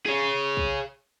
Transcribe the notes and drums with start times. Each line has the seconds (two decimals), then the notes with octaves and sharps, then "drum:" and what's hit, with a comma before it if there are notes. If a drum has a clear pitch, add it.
0.06 G#4 C#5
0.57 drum: kick